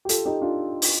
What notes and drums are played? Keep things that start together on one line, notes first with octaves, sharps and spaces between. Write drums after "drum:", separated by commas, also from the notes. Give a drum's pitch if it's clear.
G4
F4 A4, drum: hi-hat
D#4 G4
D4 F4
drum: open hi-hat